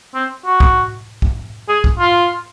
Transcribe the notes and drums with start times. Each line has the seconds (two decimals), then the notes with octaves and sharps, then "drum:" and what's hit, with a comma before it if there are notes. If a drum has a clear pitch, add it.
0.14 C4
0.45 F#4
0.60 drum: kick
1.22 drum: kick
1.69 G#4
1.84 drum: kick
1.99 F4